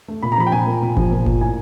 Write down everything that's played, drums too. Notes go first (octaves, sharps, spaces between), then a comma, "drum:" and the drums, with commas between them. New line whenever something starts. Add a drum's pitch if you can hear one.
A3
A#2 B5
A#5
F3 B5
G5
A#2 G#5
A#3
A#2
F3, drum: kick G1
A#2
A#3, drum: kick G1
A2 G#5